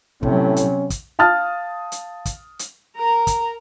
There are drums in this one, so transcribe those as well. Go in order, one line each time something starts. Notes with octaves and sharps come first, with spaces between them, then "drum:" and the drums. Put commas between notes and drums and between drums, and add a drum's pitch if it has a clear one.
A2 C3 F#3 C#4, drum: kick
drum: hi-hat
drum: kick, hi-hat
F5 A5 D#6 F6 A6
drum: hi-hat
drum: kick, hi-hat
drum: hi-hat
A#4 A#5
drum: kick, hi-hat